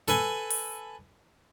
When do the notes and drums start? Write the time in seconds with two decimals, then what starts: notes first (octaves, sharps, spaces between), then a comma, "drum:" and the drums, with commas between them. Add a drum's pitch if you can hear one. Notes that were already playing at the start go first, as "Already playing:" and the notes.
0.08 A4 B4 G#5, drum: snare
0.50 drum: open hi-hat